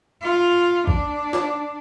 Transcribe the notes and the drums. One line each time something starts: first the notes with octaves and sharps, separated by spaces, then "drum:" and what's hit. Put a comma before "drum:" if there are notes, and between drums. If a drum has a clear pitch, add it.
F4
D4, drum: kick G#1
drum: snare